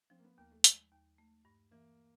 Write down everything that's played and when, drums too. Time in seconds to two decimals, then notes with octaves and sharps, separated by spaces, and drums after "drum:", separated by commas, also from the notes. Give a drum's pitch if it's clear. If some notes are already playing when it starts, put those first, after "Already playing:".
0.10 F3 C4
0.19 A#3
0.24 B3
0.37 D#2 A#3
0.52 A3
0.64 G#3, drum: hi-hat
0.92 D#2
1.18 A3
1.45 G2
1.71 E3 A#3